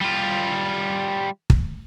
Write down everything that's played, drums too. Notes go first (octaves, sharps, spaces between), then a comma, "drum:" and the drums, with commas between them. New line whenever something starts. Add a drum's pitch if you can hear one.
G3 F4
drum: kick